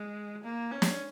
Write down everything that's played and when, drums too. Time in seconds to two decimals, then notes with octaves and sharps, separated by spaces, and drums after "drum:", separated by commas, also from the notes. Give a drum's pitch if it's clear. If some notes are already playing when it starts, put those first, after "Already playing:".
Already playing: G#3
0.44 A#3
0.72 C#4
0.82 drum: snare